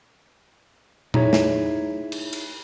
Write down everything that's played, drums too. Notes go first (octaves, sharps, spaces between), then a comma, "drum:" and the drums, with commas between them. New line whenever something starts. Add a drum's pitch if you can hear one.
D#4 E4 G#4 C#5, drum: tom A#2
drum: snare
drum: cymbal
drum: cymbal